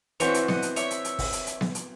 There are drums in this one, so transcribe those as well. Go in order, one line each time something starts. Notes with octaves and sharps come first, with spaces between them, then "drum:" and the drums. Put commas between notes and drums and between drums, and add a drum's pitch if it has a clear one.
E3 C4 F#4 C5 C#5 E5, drum: hi-hat
drum: hi-hat
D#5 F#5, drum: snare B3
drum: hi-hat
C#5 E5, drum: hi-hat
drum: hi-hat
drum: hi-hat
drum: kick, open hi-hat
drum: hi-hat
drum: hi-hat
drum: snare B3
drum: hi-hat